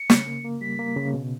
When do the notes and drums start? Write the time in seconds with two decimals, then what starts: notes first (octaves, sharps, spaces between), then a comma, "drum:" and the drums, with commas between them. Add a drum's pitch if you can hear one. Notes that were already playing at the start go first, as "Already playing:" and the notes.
Already playing: C#7
0.10 C#3, drum: snare
0.27 A#3
0.45 A#3
0.61 G3 B6
0.79 A#3
0.96 C#3
1.14 B2